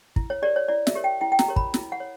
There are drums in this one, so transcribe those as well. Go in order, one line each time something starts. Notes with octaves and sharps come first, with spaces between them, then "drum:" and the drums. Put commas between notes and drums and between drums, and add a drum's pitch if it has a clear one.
E4, drum: kick
C#5
G4 A#4 C#5 D5
C#5
E4 D5
E5, drum: snare
G4 A#4 C#5
G5
E4 G5
G5
A#5, drum: snare
G4 A#4 C#5
B5, drum: kick
E4, drum: snare
F#5
C#5